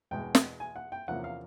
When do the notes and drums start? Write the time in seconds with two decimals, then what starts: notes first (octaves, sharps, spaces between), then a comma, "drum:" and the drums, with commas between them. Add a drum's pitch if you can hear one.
0.11 E2 B2 G#3 G5
0.35 drum: snare
0.60 G#5
0.76 F#5
0.92 G5
1.08 E2 C3 F3 A#3 C#4 F#5
1.24 F5